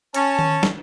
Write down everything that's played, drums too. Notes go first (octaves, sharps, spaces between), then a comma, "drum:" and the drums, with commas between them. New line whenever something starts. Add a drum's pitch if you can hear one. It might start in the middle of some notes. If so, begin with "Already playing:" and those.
C#4 A5, drum: hi-hat
drum: tom D#3
drum: snare